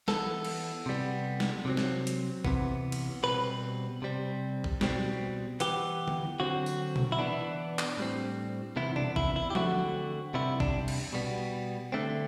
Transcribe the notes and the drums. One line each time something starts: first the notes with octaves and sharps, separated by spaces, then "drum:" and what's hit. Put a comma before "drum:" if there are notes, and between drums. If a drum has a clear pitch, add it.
E3 B3 A4, drum: snare
drum: cymbal
C3 G3 B3
drum: snare
C3 F#3 C4
drum: snare
drum: hi-hat
C3 E3 B3, drum: kick A#1
drum: cymbal
B2 G3 C4 B4
C3 G3 C4
drum: kick A#1
B2 G3 C4, drum: snare
E3 B3 G4, drum: hi-hat
drum: tom D3
D3 F#3 C4 F#4
drum: tambourine
drum: tom B2
E4
E3 B3 D4
drum: clap
A2 G3 C4
C3 E3 B3 E4
D4, drum: tom B2
E4, drum: kick A#1
E4
G4
D3 A3 C4 F#4, drum: tom F3
C3 G3 B3 E4
D4, drum: kick A#1
drum: cymbal
B2 G3 B3
D3 A3 C4